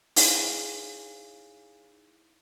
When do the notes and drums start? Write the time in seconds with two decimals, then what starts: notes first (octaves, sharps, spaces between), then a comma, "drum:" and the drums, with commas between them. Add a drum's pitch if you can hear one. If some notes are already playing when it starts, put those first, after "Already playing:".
0.16 D#4 E4 G#4 C#5 F5 G#5, drum: open hi-hat